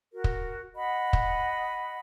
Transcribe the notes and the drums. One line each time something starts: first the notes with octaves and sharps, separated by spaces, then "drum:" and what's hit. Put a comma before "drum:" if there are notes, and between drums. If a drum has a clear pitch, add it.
F#4 A#4
drum: kick
D#5 F#5 B5
drum: kick